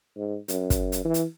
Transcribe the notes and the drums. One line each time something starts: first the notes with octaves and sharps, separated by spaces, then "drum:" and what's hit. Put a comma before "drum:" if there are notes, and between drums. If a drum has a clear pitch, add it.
G#2
F#2, drum: hi-hat
drum: kick, hi-hat
drum: hi-hat
E3
drum: hi-hat